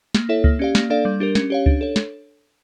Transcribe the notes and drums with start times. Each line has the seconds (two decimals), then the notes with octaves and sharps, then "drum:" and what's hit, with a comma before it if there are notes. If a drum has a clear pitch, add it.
0.15 A#3, drum: snare
0.29 E4 A4 C#5 E5
0.44 A#3, drum: kick C#2
0.59 C#4 G4 D5 F5
0.75 A#3, drum: snare
0.90 D4 A4 D5 F5
1.05 G3
1.20 D4 G4 A#4
1.35 C#4, drum: snare
1.50 G4 C#5 F5
1.66 D4, drum: kick C#2
1.81 A4 C#5
1.96 drum: snare